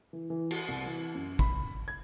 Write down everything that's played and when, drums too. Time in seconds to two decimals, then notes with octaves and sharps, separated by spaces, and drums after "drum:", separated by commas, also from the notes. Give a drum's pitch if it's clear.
0.13 E3
0.30 E3
0.51 F#4, drum: cymbal
0.68 C2
0.86 E3
1.15 F#2
1.39 B5, drum: kick
1.88 G#6